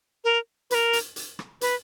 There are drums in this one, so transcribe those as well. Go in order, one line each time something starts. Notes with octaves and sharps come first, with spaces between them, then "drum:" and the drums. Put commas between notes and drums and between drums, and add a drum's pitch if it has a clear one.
A#4
B4, drum: hi-hat
A#4
drum: hi-hat
drum: hi-hat
drum: rim click
B4, drum: hi-hat